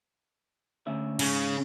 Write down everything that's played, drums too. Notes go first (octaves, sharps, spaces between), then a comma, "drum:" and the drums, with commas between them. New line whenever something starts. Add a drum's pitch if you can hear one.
D2 C#4 E5
C2 G#2 C#3, drum: cymbal